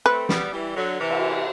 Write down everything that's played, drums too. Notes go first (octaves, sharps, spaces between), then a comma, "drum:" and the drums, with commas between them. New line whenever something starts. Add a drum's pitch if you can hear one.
A3 C4 B4
G3 B3, drum: snare
E3 G3
D3 F#3
C3 E3
drum: cymbal